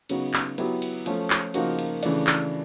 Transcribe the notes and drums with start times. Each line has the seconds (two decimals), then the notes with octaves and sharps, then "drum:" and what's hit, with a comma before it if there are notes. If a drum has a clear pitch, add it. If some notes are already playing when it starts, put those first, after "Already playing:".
0.09 C#3 F#3 B3 D#4 F#4, drum: cymbal
0.34 drum: clap
0.58 F#3 B3 E4 G4, drum: cymbal
0.82 drum: cymbal
1.06 F3 A3 C#4, drum: cymbal
1.30 drum: clap
1.54 C#3 F3 A#3 D#4 F#4, drum: cymbal
1.79 drum: cymbal
2.03 C#3 E3 A3 D4, drum: cymbal
2.27 drum: clap